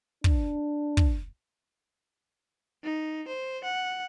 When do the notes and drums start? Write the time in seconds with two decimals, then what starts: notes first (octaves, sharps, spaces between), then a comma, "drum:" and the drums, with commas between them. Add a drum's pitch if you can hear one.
0.24 D4, drum: kick
0.97 drum: kick
2.84 D#4
3.28 C5
3.64 F#5